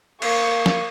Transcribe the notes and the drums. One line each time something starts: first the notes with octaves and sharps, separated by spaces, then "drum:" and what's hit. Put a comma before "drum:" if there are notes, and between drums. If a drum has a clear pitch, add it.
A#3 C#6, drum: cymbal
drum: snare